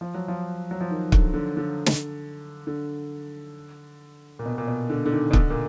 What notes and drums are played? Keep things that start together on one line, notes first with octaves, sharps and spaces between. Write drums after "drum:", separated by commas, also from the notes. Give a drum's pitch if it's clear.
F3
F#3
F3
F#3
F3
D#3
D3, drum: kick
D3
D3
drum: snare
D3
A#2
B2
A#2
B2
D3
D3
D#3
B2
D3, drum: kick
A#2